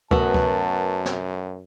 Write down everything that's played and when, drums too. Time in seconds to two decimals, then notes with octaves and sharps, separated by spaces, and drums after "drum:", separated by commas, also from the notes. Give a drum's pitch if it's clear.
0.11 F#2 A3 B3 F#4 A#4 B4 A5, drum: kick C#2
0.34 drum: kick C#2
1.05 drum: snare